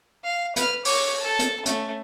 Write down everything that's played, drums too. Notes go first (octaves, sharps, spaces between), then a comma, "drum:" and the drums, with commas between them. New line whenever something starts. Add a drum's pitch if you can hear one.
F5
B4 F6, drum: hi-hat
C#5 D6, drum: open hi-hat
A4 A5
drum: hi-hat
A3 C#4, drum: hi-hat